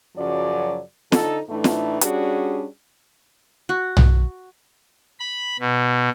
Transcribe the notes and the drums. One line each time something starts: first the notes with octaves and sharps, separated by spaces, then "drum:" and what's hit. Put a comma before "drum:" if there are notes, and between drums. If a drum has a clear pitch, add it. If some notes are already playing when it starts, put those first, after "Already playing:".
F#2 C#3 F3 F#3 D5
D3 D#4 A4, drum: snare
A2 E3 A3 D4 D#4
drum: snare
G3 C#4 D4 F#4 G#4, drum: hi-hat
F#4
drum: tom
B5
B2